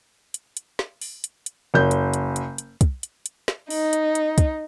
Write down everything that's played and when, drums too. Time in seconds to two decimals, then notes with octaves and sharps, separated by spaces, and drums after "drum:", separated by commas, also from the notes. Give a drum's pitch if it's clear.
0.34 drum: hi-hat
0.57 drum: hi-hat
0.79 drum: snare
1.01 drum: open hi-hat
1.24 drum: hi-hat
1.46 drum: hi-hat
1.74 F#1 G6
1.91 drum: hi-hat
2.14 drum: hi-hat
2.36 drum: hi-hat
2.58 drum: hi-hat
2.81 drum: kick, hi-hat
3.03 drum: hi-hat
3.26 drum: hi-hat
3.48 drum: snare
3.70 D#4, drum: open hi-hat
3.93 drum: hi-hat
4.15 drum: hi-hat
4.38 drum: kick, hi-hat